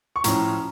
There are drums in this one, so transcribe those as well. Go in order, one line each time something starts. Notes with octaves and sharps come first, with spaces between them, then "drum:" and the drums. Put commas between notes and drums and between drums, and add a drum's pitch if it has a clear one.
C#6
A2 F3 C#4 A#5, drum: hi-hat